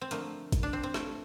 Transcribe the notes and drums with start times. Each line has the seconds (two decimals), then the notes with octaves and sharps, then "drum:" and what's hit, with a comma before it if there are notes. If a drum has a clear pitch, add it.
0.01 C4
0.11 D3 F3 A3 A#3, drum: hi-hat
0.52 drum: kick, hi-hat
0.63 D4
0.73 C4
0.83 C4
0.94 A3, drum: snare